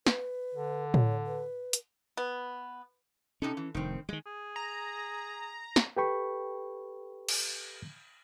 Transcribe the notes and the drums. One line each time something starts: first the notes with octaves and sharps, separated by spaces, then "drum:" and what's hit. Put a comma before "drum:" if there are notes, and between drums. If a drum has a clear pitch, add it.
B4, drum: snare
D3
C#5, drum: tom A2
B4
drum: hi-hat
B3
C3 C#4 D#4 A4
E3
F1 D#3 C4
D#3 G3 G#3
G#4
A#5
drum: snare
G4 A4 B4 G5 B5 C#6
drum: cymbal